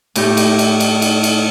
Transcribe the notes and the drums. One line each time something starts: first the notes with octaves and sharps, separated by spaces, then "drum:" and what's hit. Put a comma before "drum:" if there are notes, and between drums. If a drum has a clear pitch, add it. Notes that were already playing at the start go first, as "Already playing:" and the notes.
A2 G4, drum: cymbal
drum: cymbal
drum: cymbal
drum: cymbal
drum: cymbal
drum: cymbal